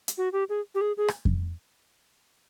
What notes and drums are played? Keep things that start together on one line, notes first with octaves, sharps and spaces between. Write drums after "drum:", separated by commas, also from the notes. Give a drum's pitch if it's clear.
drum: hi-hat
F#4
G4
G#4
G4
G#4
G#4
drum: rim click
drum: kick F2